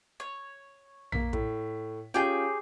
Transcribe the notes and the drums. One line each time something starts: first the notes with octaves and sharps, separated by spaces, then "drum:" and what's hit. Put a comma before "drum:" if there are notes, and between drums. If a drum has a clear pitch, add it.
C#5
A#3 B6, drum: tom A#1
A2, drum: kick
C#4 F4 G4 G#4 G5 G6